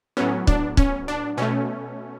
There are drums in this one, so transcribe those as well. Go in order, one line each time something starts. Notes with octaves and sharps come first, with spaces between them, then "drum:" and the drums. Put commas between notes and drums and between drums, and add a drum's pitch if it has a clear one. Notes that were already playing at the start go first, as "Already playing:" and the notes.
A2 F#3 B3 C#4
D4, drum: kick C#1
C#4, drum: kick C#1
D4
B2 A3 C#4